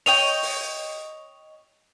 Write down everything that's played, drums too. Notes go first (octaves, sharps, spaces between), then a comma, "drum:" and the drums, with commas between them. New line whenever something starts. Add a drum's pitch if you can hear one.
C#5 D#5 G5 F7, drum: open hi-hat
drum: open hi-hat